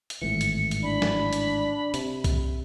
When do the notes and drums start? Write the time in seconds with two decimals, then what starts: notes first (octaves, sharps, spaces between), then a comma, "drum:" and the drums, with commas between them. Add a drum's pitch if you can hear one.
0.10 drum: hi-hat
0.22 G#1 A2 E3 C#7
0.41 drum: hi-hat
0.71 drum: hi-hat
0.83 D4 B5
1.02 drum: snare
1.33 drum: hi-hat
1.94 C3, drum: hi-hat
2.24 drum: kick C2, hi-hat